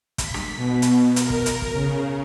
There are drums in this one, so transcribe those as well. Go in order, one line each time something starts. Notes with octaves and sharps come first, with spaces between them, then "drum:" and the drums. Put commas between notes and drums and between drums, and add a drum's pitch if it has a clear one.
B6, drum: kick, hi-hat
drum: snare
B2
drum: hi-hat
A#4, drum: hi-hat
drum: kick
drum: hi-hat
drum: kick
C#3